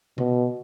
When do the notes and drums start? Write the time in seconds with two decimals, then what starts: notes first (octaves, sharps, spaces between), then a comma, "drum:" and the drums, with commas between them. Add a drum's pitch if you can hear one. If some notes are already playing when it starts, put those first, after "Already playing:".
0.18 B2, drum: tom C3